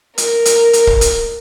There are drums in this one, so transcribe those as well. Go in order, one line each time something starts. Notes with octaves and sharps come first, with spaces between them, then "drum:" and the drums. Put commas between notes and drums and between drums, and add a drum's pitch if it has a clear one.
A#4, drum: hi-hat
drum: hi-hat
drum: hi-hat
drum: kick
drum: hi-hat